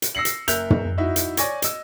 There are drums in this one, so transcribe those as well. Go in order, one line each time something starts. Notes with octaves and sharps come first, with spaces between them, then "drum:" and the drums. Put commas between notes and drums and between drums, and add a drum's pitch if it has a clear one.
drum: hi-hat
E6 A#6 C7 C#7 F#7
drum: hi-hat
F#1 A#4 E5 F#6 G6 F7, drum: hi-hat
drum: tom
D#4 E4 F#4 E5
drum: hi-hat
C#5 D5 G#5 C#6 G#6 A#6, drum: hi-hat
D#5 E6, drum: hi-hat